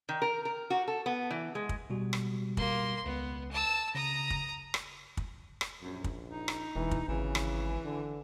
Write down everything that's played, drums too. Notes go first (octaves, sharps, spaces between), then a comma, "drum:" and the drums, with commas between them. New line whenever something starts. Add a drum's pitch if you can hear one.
D#3
A#4
A#4
F#4
A4
B3
E3
G#3
drum: kick
B2 G3 F#4
drum: rim click
A#3 C6, drum: kick
C#2 B3
A5 E6
C#3 A#5 D#6 A#6
drum: kick
drum: rim click
drum: kick
drum: rim click
A#1 F#2
drum: kick
D#4
drum: rim click
E1 E3
drum: kick
G#1 C#3 E3
drum: rim click
D3